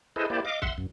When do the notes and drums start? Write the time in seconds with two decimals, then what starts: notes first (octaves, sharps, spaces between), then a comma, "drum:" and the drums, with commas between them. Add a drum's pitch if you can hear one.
0.16 E4 G#4 A4 B4 C5 D#5
0.30 A#3 E4 G4 C5 D5
0.45 D#5 F5 D6
0.62 E5 F#5 C6, drum: kick
0.78 F#2